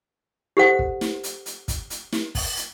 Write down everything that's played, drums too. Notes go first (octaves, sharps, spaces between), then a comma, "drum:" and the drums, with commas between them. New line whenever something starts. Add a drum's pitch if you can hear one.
G4 A4 C5 F#5
drum: kick
drum: snare
drum: hi-hat
drum: hi-hat
drum: kick, hi-hat
drum: hi-hat
drum: snare
drum: kick, open hi-hat
drum: hi-hat